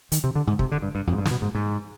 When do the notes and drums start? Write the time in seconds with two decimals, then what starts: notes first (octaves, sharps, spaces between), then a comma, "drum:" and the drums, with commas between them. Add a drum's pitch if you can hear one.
0.12 D#3, drum: hi-hat
0.24 C3
0.35 D3
0.47 G#2
0.59 C3, drum: kick
0.72 D3
0.82 G2
0.95 G2
1.07 F2
1.13 G#2
1.18 G2
1.25 G#2, drum: snare
1.31 B2
1.42 G#2
1.55 G#2